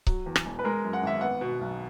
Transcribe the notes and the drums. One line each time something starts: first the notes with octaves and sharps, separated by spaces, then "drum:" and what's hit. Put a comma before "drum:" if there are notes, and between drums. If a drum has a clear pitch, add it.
F#3, drum: kick C#1
E2
drum: rim click
E1
B4
G#3 A#4
F#2
F#5
G#1 E5
B3 F#5
B2
B1